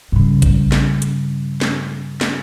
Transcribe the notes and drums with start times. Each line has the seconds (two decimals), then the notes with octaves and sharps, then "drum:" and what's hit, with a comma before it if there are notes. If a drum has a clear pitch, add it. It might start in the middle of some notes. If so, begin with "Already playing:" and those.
0.12 G2 C#3
0.42 drum: kick A1, hi-hat
0.72 drum: snare
1.02 drum: hi-hat
1.61 drum: snare
2.21 drum: snare